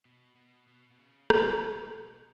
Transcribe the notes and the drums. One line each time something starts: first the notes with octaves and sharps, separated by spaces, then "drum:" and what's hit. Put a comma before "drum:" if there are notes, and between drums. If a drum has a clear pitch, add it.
B2
B2
B2
B2
C#3
C#3, drum: rim click
B2
C#3
C#3
D3
C#3
B2